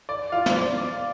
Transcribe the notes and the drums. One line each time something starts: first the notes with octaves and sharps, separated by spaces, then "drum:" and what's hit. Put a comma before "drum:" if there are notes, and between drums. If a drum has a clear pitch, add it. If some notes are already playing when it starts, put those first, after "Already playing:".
D5
F4 F5
drum: snare
D5